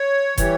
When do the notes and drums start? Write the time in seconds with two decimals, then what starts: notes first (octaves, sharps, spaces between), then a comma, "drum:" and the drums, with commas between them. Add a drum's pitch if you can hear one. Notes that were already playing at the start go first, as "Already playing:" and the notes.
Already playing: C#5
0.38 E3 G3, drum: kick, hi-hat